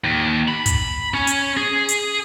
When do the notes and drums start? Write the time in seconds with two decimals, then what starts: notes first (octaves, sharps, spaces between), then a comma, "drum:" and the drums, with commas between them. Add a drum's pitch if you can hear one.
0.04 D#2
0.48 B5
0.66 drum: kick, hi-hat
1.14 C#4
1.27 drum: hi-hat
1.57 G#4
1.89 drum: hi-hat